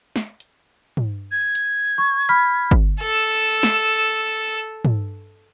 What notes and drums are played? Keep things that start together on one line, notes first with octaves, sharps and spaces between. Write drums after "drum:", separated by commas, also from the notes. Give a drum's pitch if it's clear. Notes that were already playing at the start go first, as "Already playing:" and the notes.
drum: snare
drum: hi-hat
drum: tom
G#6
drum: hi-hat
C#6
B5 F6 B6, drum: hi-hat
drum: kick G1
A4 E6
drum: snare
drum: tom